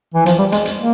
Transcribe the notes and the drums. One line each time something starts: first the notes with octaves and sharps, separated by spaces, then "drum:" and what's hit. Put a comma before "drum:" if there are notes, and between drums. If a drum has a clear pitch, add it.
E3
F3, drum: hi-hat
G3
G#3, drum: hi-hat
drum: hi-hat
A#3